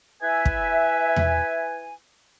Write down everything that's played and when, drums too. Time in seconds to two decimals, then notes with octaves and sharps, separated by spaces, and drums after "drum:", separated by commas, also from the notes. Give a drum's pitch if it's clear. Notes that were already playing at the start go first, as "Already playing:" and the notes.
0.22 E4 B4 E5 G#5
0.45 drum: kick
1.16 drum: tom E2